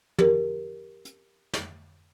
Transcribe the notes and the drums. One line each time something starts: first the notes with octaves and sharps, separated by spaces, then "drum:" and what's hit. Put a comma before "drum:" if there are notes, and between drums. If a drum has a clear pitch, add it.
G4 A#4, drum: tom
drum: hi-hat
drum: snare